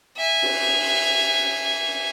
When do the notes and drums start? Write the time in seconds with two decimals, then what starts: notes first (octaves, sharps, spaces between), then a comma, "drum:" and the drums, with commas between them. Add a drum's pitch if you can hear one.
0.17 E5 G#5
0.42 drum: cymbal